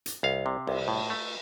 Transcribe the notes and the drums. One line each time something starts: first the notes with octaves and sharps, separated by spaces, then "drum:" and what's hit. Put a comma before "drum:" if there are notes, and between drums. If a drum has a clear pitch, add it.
drum: hi-hat
C2 F5
C3
C2, drum: cymbal
A2
A3